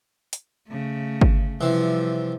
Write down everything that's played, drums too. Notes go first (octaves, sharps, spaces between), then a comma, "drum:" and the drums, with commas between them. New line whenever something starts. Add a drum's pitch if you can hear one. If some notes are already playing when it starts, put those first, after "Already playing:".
drum: hi-hat
C#3 A3
drum: kick G1
C3 E3 F3 G3